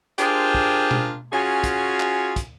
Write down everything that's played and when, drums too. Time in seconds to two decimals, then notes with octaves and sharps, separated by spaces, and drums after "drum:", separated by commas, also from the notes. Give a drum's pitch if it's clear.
0.18 D4 F4 G4 G#4 A#4 C5, drum: hi-hat
0.54 drum: kick
0.91 drum: tom B2
1.33 C#4 F4 F#4 G#4 G#5
1.64 drum: kick, hi-hat
2.00 drum: clap
2.36 drum: kick, hi-hat